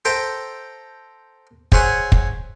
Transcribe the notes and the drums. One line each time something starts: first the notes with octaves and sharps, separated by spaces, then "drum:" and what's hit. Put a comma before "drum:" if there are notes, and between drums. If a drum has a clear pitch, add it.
A4 C5 E5 G5 A#5
G#4 C5 C#5 E5 F#5 G#5, drum: kick
drum: kick